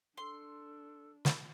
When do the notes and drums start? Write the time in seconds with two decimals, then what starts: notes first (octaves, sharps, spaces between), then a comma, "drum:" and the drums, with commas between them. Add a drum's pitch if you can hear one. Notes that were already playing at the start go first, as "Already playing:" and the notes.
0.17 D4 A4 C6
1.25 drum: snare